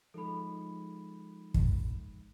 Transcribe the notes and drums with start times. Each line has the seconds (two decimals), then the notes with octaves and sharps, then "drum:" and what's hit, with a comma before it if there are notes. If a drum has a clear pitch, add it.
0.14 F3 G#3 D#4 A4 B5
1.54 drum: kick